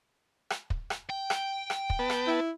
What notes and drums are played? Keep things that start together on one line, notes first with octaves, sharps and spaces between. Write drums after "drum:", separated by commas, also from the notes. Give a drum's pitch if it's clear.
drum: rim click
drum: kick
drum: rim click
G5
drum: rim click
drum: rim click
drum: kick
B3 B4 A5
drum: rim click
E4